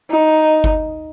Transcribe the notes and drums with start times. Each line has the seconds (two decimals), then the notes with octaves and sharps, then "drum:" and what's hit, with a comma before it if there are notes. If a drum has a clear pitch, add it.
0.11 D#4
0.64 drum: kick G1